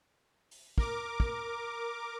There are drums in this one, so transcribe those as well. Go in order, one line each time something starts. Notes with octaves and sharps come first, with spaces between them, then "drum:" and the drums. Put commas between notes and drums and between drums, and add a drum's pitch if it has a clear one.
drum: open hi-hat
A#4 D6, drum: kick
drum: kick